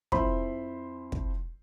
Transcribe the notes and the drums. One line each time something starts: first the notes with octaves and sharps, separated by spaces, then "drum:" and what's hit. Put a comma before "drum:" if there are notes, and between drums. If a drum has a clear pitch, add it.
F2 E4 C5 B5 C6, drum: kick
drum: kick